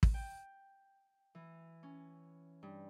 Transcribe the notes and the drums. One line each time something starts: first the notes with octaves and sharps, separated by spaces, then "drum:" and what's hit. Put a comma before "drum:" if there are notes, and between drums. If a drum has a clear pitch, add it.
drum: kick
G5
E3
C#4
G2